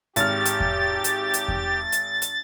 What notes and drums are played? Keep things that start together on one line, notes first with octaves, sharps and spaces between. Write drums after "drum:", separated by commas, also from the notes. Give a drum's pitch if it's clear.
G#1 G4 F6 A6, drum: hi-hat
drum: hi-hat
drum: kick E2
drum: hi-hat
drum: hi-hat
drum: kick E2
drum: hi-hat
drum: hi-hat